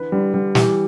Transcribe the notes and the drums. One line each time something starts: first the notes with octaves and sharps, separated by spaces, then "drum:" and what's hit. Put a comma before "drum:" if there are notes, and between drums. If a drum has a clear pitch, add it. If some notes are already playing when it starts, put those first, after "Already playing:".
Already playing: D3 E3 B4
D3 G3
D3 G3
E3 G4, drum: snare